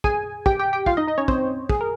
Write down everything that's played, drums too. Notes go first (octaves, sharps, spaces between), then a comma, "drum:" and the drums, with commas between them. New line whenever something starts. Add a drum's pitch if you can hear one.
G#4 G#5, drum: kick
G4 G5, drum: kick
G4 G5
G4 G5
F4 F5, drum: kick
D#4 D#5
D#4 D#5
C#4 C#5
C4 C5, drum: kick
G#4, drum: kick
A#4